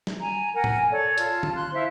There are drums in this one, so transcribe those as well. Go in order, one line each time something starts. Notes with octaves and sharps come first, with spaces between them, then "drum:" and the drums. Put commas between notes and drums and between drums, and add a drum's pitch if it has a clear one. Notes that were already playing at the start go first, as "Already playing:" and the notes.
drum: snare
G#5 A#5
A#4 F#5 G#5
drum: tom
A4 C#5 D5
F4 A5, drum: hi-hat
drum: tom
C6 F#6
E4 C5 E5 F5